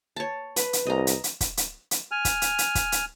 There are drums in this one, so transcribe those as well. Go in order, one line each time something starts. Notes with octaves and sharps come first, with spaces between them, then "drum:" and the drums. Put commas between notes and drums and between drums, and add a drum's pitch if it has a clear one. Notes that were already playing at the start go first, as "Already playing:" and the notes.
C#5 A5
B4, drum: hi-hat
drum: hi-hat
C2 D#5 A#5
drum: hi-hat
drum: hi-hat
drum: kick, hi-hat
drum: hi-hat
drum: hi-hat
G#5 F6
drum: kick, hi-hat
drum: hi-hat
drum: hi-hat
drum: kick, hi-hat
drum: hi-hat